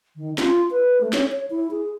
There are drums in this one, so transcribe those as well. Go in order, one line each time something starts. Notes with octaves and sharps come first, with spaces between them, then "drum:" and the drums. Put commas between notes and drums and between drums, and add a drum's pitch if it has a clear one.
D#3
F4, drum: snare
B4
A3
C#5, drum: snare
C#5
E4
G#4